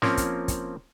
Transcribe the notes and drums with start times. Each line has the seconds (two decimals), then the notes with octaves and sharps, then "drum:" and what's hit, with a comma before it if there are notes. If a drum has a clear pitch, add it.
0.02 F3 A#3 C4 C#4 A#4, drum: snare
0.17 drum: kick, hi-hat
0.48 drum: kick, hi-hat